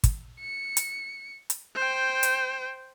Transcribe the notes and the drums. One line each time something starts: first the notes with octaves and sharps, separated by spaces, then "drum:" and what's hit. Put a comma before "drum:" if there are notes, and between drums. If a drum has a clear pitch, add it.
drum: kick, hi-hat
C#7
drum: hi-hat
drum: hi-hat
C5 G5
drum: hi-hat